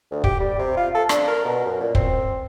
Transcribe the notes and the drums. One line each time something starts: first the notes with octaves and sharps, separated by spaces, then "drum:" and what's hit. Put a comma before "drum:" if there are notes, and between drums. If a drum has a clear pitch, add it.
D2
G4, drum: kick
G3
C3
F4
A4
D4, drum: rim click
A#4
B2
F#2
A#2
C4, drum: kick